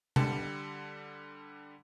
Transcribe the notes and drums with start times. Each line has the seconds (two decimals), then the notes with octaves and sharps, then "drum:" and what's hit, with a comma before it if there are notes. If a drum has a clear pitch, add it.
0.16 D3 G3 A5, drum: tom C3